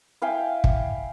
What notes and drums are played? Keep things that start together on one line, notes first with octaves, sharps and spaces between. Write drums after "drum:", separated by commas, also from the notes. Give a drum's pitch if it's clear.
E4 F5 G5 G#5
drum: kick